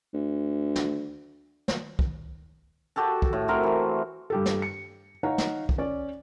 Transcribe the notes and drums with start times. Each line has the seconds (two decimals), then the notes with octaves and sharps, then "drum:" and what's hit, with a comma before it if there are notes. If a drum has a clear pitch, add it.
0.14 D2
0.76 drum: snare
1.68 drum: snare
1.99 drum: kick
2.96 F#4 G4 A4 A5
3.22 drum: kick
3.33 A2
3.48 C4 F#4 A#4 C5
3.63 E3 A3
4.30 G2 G4 A4
4.46 drum: snare
4.62 C#7
5.23 D#4 C#5 F5 F#5 A#5
5.38 drum: snare
5.69 drum: kick
5.78 C#4 C#5 D5